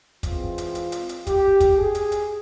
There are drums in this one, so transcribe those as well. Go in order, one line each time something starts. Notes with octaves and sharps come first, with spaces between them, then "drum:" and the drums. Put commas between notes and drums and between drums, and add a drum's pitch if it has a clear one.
E3 G#3 C4 F4, drum: kick, hi-hat
drum: hi-hat
drum: hi-hat
drum: hi-hat
drum: hi-hat
G4, drum: kick, hi-hat
drum: kick, hi-hat
G#4
drum: hi-hat
drum: hi-hat